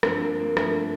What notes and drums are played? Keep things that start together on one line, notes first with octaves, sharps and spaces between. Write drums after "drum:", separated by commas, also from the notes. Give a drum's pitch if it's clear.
G2 F3 C4, drum: rim click
A#3
A#3
G2 F3 A3, drum: rim click